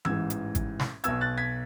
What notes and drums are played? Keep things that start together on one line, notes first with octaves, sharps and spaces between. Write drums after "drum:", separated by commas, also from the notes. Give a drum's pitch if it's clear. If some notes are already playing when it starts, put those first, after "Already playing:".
A1 G#2 E3 E6 G#6, drum: tom E3
drum: hi-hat
drum: kick G#1, hi-hat
drum: snare
B1 B2 E6 G#6, drum: hi-hat
F#6 A6
G#6 B6